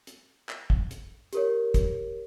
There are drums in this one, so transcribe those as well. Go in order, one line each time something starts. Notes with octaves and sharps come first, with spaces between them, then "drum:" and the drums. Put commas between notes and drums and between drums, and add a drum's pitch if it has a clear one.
drum: hi-hat
drum: clap
drum: kick
drum: hi-hat
G4 A#4 C#5, drum: hi-hat
drum: kick, hi-hat